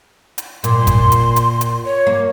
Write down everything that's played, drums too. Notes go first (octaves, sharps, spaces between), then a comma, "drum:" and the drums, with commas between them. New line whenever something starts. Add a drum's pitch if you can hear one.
drum: hi-hat
A#2 C6, drum: hi-hat
drum: kick, hi-hat
drum: hi-hat
drum: hi-hat
drum: hi-hat
C#5
A#3